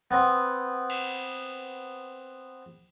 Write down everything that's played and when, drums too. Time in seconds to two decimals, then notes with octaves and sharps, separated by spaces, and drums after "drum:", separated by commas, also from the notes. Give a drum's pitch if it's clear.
0.11 B3 C4
0.90 drum: cymbal